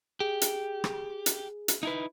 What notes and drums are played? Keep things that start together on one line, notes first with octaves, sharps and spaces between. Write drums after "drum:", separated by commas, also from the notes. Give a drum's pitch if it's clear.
G4 G#4
drum: hi-hat
drum: rim click
drum: hi-hat
drum: hi-hat
D#4 E4 B4